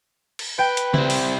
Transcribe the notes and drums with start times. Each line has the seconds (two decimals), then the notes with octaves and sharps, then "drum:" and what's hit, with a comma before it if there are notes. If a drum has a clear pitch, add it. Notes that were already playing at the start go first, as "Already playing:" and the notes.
0.39 drum: cymbal
0.59 B4 G5
0.77 drum: hi-hat
0.94 G3 C4 E4, drum: tom C#3
1.10 drum: open hi-hat